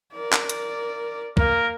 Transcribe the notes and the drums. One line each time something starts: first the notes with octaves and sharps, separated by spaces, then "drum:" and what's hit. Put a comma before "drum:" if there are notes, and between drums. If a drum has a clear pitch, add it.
A#4 D5
drum: clap
drum: hi-hat
A#3 A#4, drum: kick